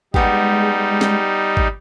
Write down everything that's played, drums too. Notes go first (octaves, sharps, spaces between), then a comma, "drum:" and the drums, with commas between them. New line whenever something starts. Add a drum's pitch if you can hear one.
G3 G#3 B3 D#4 G4, drum: kick
drum: snare
drum: kick